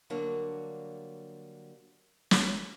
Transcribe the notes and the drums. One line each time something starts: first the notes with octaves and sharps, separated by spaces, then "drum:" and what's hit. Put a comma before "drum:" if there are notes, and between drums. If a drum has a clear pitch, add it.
D3 F#3 G3 A#3 D4 C#5
drum: snare